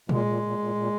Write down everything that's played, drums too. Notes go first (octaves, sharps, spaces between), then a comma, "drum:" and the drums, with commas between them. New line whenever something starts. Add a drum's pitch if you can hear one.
A#2 G#3, drum: tom A#2
A#2
A#2
A#2
A#2